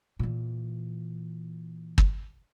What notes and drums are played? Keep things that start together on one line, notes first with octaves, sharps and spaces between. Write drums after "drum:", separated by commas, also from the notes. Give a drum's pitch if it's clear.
A#2 E3
drum: kick